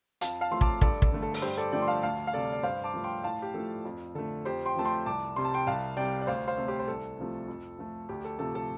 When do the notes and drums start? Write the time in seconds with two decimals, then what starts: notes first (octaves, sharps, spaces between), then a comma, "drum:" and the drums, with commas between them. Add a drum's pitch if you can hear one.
0.21 F2 F5 A5, drum: hi-hat
0.41 F5 A5
0.51 F3 A3 C6
0.61 A5 D6, drum: kick
0.81 G2 A4 D5, drum: kick
1.02 A4, drum: kick
1.12 D3 A3
1.22 A4
1.34 A4, drum: open hi-hat
1.42 G2 G4 C5
1.57 A4 D5
1.72 D3 F3 A3 D5 G5
1.82 C6
1.88 F5 A5
2.03 D2 F5 A5
2.27 F5
2.33 C3 G3 A4 D5
2.52 D5
2.63 G2 C5 F5
2.84 A5 D6
2.94 F3 A3
3.04 G5 C6
3.24 A2 F5 A5
3.42 G4
3.54 F3 A3 A4
3.85 F2
4.15 D3 A3 A4
4.45 F2 G4 C5
4.66 G5 C6
4.76 F3 A3 A5
4.85 G5 C6
5.06 C2 A5 D6
5.36 C3 G3 C6
5.45 A5
5.54 G5 C6
5.67 C2 F5 A5
5.96 C3 G3 D5 G5
6.21 D5
6.27 D2 C5 F5
6.47 C5 F5
6.57 C3 A3
6.68 G4 C5
6.79 C5
6.88 C2 A4
7.18 C3 F3 A3
7.48 F2
7.78 F3 A3
8.09 D2 G4
8.24 A4
8.39 C3 F3 A3 A4
8.55 A4